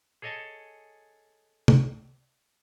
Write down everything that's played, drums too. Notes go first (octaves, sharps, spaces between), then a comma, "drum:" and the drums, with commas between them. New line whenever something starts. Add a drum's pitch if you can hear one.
G#4 A4 C#5 D#5 G#5 A5
drum: tom